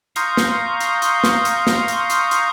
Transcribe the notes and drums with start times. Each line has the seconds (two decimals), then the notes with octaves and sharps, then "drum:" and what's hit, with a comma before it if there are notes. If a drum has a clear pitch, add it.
0.16 F5 A#5 C6 C#6 D#6 G6, drum: hi-hat
0.37 drum: snare
0.80 drum: hi-hat
1.02 drum: hi-hat
1.24 drum: snare
1.45 drum: hi-hat
1.67 drum: snare
1.88 drum: hi-hat
2.10 drum: hi-hat
2.31 drum: hi-hat